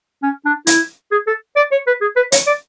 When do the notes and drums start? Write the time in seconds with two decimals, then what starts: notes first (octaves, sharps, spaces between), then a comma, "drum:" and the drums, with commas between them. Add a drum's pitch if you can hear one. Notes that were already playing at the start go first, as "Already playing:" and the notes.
0.23 C#4
0.45 D4
0.67 E4, drum: hi-hat
1.12 G#4
1.27 A4
1.56 D5
1.72 C#5
1.87 B4
2.01 G#4
2.16 B4
2.32 C#5, drum: hi-hat
2.47 D5